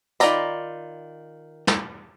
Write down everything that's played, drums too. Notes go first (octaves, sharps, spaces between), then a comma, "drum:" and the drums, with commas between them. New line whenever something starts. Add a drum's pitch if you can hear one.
D#3 F4 D5 A#5 B5, drum: hi-hat
drum: snare